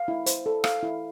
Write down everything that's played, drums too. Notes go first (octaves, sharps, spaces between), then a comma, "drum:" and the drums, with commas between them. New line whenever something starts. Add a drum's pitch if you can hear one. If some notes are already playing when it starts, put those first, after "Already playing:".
Already playing: F5
E4
C5, drum: hi-hat
A4
F5, drum: rim click
E4